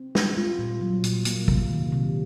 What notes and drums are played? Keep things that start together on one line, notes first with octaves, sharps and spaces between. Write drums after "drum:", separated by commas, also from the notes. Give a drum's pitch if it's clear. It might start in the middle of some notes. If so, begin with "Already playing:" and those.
Already playing: C4
G3, drum: snare
F4
A#2
F#3
A#2, drum: hi-hat
A#3, drum: hi-hat
C3, drum: kick
D#3
C3